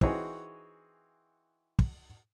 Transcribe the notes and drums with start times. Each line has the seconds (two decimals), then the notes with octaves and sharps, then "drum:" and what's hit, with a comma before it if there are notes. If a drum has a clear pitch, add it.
0.01 E3 C4 D#4 F#4 G#4 C#5, drum: kick
1.79 drum: kick